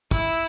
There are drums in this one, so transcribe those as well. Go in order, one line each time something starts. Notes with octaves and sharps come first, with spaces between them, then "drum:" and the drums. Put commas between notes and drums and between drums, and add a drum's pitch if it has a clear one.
E4, drum: kick